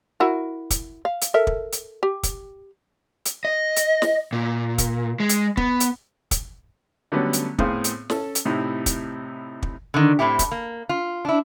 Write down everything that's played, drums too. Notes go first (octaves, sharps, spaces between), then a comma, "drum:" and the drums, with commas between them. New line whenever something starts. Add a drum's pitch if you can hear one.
E4 F#4 A#4
drum: kick, hi-hat
F5
drum: hi-hat
A4 A#4 E5
drum: kick
drum: hi-hat
G4
drum: kick, hi-hat
drum: hi-hat
D#5
drum: hi-hat
drum: snare
A#2
drum: kick, hi-hat
G#3
drum: hi-hat
B3, drum: kick
drum: hi-hat
drum: kick, hi-hat
D3 F#3 G3 A3 B3 C#4
drum: hi-hat
A2 B3 C4 G#4 C5 F5, drum: kick
drum: hi-hat
C#4 A4, drum: snare
drum: hi-hat
A2 C3 D#4 E4
drum: kick, hi-hat
drum: kick
D3 D#3
A2 C4 E4 G4
drum: kick, hi-hat
A#3
F4
D4 E4